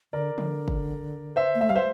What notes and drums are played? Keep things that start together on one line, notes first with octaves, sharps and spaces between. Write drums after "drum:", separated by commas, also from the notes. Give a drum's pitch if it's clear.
D3 A#4 D5
D3, drum: tom E3
drum: kick
C5 E5
A#3
A3 E5
G3 F5
C5 E5